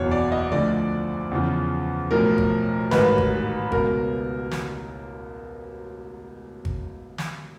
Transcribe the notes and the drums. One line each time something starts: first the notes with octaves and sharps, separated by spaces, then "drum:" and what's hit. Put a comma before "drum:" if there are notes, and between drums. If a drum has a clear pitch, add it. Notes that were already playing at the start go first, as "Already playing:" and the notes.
Already playing: F#1 E2 B2 C#5
D5
D#5
D2 D3 F3 D5
E2 C#3 F3
B1 A2 F3 A#4
drum: kick G#1
A1 G#2 D#3 B4, drum: snare
drum: kick G#1
C#2 B2 A#4, drum: kick G#1
drum: snare
drum: kick G#1
drum: snare